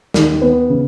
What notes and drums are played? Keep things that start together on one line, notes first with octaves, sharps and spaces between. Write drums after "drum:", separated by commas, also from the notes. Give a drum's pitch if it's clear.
D#2, drum: snare
B3
C#3